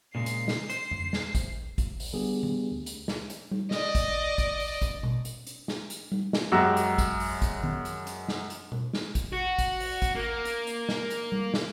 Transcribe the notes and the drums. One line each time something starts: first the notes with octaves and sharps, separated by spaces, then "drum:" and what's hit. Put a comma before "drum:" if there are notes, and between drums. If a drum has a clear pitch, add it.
A#2 C#3 G#3 C7
drum: hi-hat
drum: snare
C5, drum: hi-hat
drum: tom F2
drum: snare
drum: kick, hi-hat
drum: kick, hi-hat
drum: open hi-hat
D3 G3 B3 G4 G#4
drum: tom D#3
D2
drum: hi-hat
drum: snare
drum: hi-hat
drum: tom G3
D5 D#5, drum: snare
drum: kick, hi-hat
drum: kick, hi-hat
drum: open hi-hat
drum: kick, hi-hat
drum: tom B2
drum: hi-hat
drum: hi-hat
drum: snare
drum: hi-hat
drum: tom G3
drum: snare
F#2 G#3 F#4 G4 A#5 E6
drum: hi-hat
drum: kick, hi-hat
drum: open hi-hat
drum: kick, hi-hat
drum: tom D#3
drum: hi-hat
drum: hi-hat
drum: snare
drum: hi-hat
drum: tom B2
drum: snare
drum: kick, hi-hat
F#4
drum: kick, hi-hat
drum: open hi-hat
drum: kick, hi-hat
A#3
drum: hi-hat
drum: hi-hat
drum: snare
drum: hi-hat
drum: tom G3
drum: snare